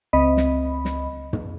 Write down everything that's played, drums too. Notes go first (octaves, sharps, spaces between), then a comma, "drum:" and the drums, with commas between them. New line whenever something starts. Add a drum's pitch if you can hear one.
C#2 C4 D#5 B5
drum: snare
drum: snare
drum: tom